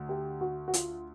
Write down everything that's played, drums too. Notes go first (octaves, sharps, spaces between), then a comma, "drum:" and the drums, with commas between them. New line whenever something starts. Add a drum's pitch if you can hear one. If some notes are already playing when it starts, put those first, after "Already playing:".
Already playing: D2
G4
F#4
F#4
F4, drum: hi-hat